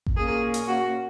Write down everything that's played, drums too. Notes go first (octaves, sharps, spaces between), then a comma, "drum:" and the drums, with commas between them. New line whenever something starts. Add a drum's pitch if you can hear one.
drum: kick G#1
A#2 A#3 C#4 G#4
drum: hi-hat
F#4